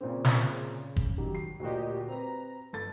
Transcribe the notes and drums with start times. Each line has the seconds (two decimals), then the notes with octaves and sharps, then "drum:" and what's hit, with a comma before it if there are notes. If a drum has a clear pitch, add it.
0.01 A#2 C#3 C4
0.25 drum: snare
0.96 drum: kick
1.18 D#3 F#3 G3
1.35 C7
1.60 D2 A#2 F#4 G4 D#5
2.08 C4 B4 A#5
2.73 G1 A4 A6